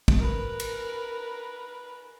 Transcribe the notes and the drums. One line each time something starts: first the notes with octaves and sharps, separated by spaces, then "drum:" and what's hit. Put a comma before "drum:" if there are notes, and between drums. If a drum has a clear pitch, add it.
drum: kick
A#4 B4
drum: cymbal